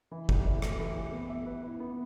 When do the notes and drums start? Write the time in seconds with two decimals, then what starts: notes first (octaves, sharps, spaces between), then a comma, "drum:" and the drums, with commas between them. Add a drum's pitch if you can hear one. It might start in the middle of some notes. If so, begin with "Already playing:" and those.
0.11 E3
0.29 G4, drum: kick
0.46 E4
0.62 A3, drum: rim click
0.79 E3
0.96 G4
1.12 B3
1.29 E5
1.46 B4
1.63 E4
1.80 B3